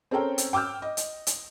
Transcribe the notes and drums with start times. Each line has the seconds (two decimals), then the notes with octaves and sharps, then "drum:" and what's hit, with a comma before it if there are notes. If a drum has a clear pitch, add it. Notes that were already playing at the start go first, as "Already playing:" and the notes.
0.11 C4 C#4 A4 A#4 G5
0.38 drum: hi-hat
0.53 G5 D6 E6 F6 G6
0.82 D#5
0.97 drum: hi-hat
1.27 drum: hi-hat